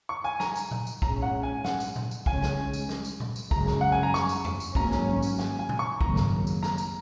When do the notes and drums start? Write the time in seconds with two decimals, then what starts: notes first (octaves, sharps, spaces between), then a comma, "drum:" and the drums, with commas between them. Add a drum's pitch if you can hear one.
0.09 C#6
0.24 G#5
0.40 A#5, drum: snare
0.56 drum: tambourine
0.71 drum: tom A#2
0.87 drum: tambourine
1.02 A#1 G#2 G#3 C#4 A#5, drum: kick
1.22 F#5
1.43 G#5
1.64 F#5, drum: snare
1.80 drum: tambourine
1.96 drum: tom A#2
2.11 drum: tambourine
2.26 C#2 C#3 G#3 C#4 G#5, drum: kick
2.42 drum: snare
2.73 drum: tambourine
2.89 drum: snare
3.05 drum: tambourine
3.20 drum: tom A#2
3.36 drum: tambourine
3.51 F#1 F#2 C#3 G#3 A#5, drum: kick
3.67 drum: snare
3.81 F#5
3.92 G#5
4.03 A#5
4.14 C#6, drum: snare
4.29 drum: tambourine
4.45 drum: tom E2
4.60 drum: tambourine
4.75 G#1 G#2 F#3 A#3 C#4 A#5, drum: kick
4.91 drum: snare
5.22 drum: tambourine
5.39 G#5, drum: snare
5.59 G#5
5.69 drum: tom A#2
5.79 C#6
6.01 G#1 F#2 C#3 F#3 A#3 A#5, drum: kick
6.16 drum: snare
6.47 drum: tambourine
6.63 A#5, drum: snare
6.78 drum: tambourine